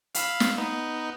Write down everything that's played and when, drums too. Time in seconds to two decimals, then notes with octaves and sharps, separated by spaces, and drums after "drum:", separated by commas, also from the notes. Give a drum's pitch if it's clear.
0.15 F5 B5 E6, drum: hi-hat
0.40 drum: snare
0.58 B3 D#4